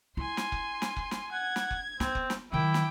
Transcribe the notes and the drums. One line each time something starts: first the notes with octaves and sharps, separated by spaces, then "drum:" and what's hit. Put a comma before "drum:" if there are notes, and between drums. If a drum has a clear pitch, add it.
E4 G#5 C6
drum: snare
drum: kick F1
drum: snare
drum: kick F1
drum: snare
F#5 G#6
drum: snare
drum: kick F1
B3 C4, drum: snare
drum: kick F1
drum: snare
D#3 F#3 E4 G5 D6
drum: snare